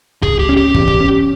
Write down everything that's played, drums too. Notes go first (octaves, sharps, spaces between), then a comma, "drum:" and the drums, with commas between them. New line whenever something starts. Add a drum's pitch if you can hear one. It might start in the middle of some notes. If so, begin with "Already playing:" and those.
C#2 G#4, drum: kick
G4
C#4
G4
E2, drum: kick
drum: kick
C#4